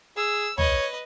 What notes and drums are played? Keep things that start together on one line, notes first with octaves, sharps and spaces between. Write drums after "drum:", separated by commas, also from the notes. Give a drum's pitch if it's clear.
G#4 E6
B4 C#5 D#5, drum: tom